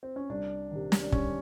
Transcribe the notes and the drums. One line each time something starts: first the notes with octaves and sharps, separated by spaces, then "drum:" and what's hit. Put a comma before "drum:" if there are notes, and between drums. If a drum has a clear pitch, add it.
C4
C#4
C2 D4
C3 D#3
drum: snare
D4
C2 C#4, drum: kick